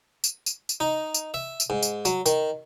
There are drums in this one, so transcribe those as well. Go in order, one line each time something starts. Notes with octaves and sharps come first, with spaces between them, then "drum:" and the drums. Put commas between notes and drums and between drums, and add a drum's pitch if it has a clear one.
drum: tambourine
drum: tambourine
drum: tambourine
D#4
drum: tambourine
E5
drum: tambourine
G#2
drum: tambourine
F#3, drum: tambourine
D#3, drum: tambourine